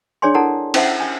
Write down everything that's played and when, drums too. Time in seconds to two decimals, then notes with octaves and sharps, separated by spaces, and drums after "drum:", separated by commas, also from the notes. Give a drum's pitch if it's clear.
0.22 D4 G#4 C#5 D5 G#5 C6
0.34 E4 A4 A#4 F#5 A5 A#5
0.74 C#4 E4 C5 E5 F#5 G5, drum: cymbal
1.00 G#5